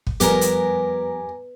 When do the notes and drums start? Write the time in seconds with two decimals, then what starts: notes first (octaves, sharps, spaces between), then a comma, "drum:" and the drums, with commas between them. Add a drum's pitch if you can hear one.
0.07 drum: kick
0.20 F2 G3 B3 G4 A#4 G#5 A#5, drum: hi-hat
0.41 drum: hi-hat